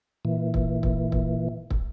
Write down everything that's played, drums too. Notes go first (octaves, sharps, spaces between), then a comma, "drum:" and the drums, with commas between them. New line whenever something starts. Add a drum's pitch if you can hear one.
A#2 E3
drum: kick
drum: kick
drum: kick
drum: kick